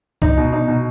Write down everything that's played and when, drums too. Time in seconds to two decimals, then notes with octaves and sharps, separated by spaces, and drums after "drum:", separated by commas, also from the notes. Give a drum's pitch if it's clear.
0.22 D#4, drum: kick C2
0.37 B2
0.53 D#4
0.68 B2